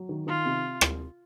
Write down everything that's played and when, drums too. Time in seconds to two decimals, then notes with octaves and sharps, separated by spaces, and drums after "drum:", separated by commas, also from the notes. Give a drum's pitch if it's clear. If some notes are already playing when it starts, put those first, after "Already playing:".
Already playing: F#3
0.09 D#3
0.27 D#3 F4
0.45 C3
0.81 drum: rim click